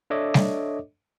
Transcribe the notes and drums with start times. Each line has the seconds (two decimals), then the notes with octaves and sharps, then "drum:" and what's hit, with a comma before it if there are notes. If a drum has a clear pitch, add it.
0.10 D4 A4 C#5 D#5 E5 D6
0.34 drum: snare G3